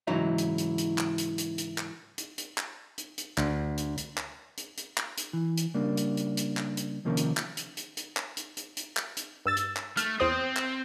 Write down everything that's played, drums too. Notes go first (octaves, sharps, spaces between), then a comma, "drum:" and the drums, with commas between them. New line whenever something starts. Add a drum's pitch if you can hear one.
G#2 C#3 E3 F#3 D#4 E4
drum: hi-hat
drum: hi-hat
drum: hi-hat
drum: clap
drum: hi-hat
drum: hi-hat
drum: hi-hat
drum: clap
drum: hi-hat
drum: hi-hat
drum: clap
drum: hi-hat
drum: hi-hat
D2, drum: clap
drum: hi-hat
drum: hi-hat
drum: clap
drum: hi-hat
drum: hi-hat
drum: clap
drum: hi-hat
E3
drum: hi-hat
C#3 G3 A#3 D4
drum: hi-hat
drum: hi-hat
drum: hi-hat
drum: clap
drum: hi-hat
C3 D#3 F3 A#3 C#4 A#4
drum: hi-hat
drum: clap
drum: hi-hat
drum: hi-hat
drum: hi-hat
drum: clap
drum: hi-hat
drum: hi-hat
drum: hi-hat
drum: clap
drum: hi-hat
G2 E6 A6
drum: hi-hat
drum: clap
A3 F6, drum: hi-hat
E2 C4 C5 D#6
drum: clap